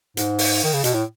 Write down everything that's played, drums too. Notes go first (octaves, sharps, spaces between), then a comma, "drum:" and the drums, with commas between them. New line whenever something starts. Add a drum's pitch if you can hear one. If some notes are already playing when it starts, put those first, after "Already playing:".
G#2, drum: hi-hat
drum: open hi-hat
D#3
C#3
B2, drum: hi-hat
A2